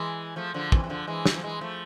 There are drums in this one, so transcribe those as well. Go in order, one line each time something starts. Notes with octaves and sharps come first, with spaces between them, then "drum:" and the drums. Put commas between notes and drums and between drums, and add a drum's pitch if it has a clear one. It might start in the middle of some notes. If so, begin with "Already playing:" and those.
Already playing: E3 G#3
F3 A3
D3 F3
C3 E3, drum: kick
E3
D3 F3
E3 G#3
drum: snare
F3
E3 G#3
F3 A3